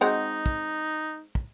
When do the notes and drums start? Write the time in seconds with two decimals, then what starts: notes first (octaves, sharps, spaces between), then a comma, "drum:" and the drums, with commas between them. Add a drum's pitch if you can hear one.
0.01 G#3 C4 D#4 F#4
0.46 drum: kick
1.35 drum: kick